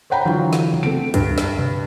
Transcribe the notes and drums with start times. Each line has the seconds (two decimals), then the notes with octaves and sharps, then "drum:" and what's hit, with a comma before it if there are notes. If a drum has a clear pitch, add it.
0.10 C5 C#5 F#5 G5 A#5 B5
0.25 D3 E3 F#3 F4
0.53 drum: snare
0.74 drum: tom C3
0.83 A3 C4 D7
1.14 G2, drum: kick, hi-hat
1.38 drum: snare
1.59 drum: tom B2